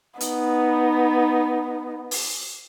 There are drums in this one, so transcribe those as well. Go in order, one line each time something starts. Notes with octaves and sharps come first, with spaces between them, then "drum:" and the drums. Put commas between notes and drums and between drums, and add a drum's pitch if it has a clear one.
B3 D#4, drum: hi-hat
drum: open hi-hat